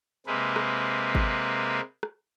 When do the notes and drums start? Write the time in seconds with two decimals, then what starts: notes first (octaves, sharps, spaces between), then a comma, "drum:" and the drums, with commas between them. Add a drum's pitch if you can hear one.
0.27 C3 G#3 A#3 C4 B4
0.56 drum: rim click
1.15 drum: kick G#1
2.03 drum: rim click